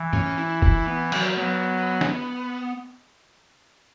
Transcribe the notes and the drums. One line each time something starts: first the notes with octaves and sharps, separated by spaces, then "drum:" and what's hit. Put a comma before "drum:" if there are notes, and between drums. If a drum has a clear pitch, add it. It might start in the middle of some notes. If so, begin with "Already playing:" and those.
Already playing: E3
C#4, drum: tom
E4
E4, drum: kick
B3
F#3, drum: cymbal
F#3 B3
drum: snare